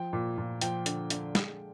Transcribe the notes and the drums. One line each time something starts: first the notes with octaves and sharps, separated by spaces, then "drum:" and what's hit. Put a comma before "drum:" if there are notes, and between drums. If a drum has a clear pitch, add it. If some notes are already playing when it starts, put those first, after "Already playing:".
Already playing: F3 G5
A#2
A#2
F3 G5, drum: hi-hat
D3, drum: hi-hat
D3, drum: hi-hat
G#3, drum: snare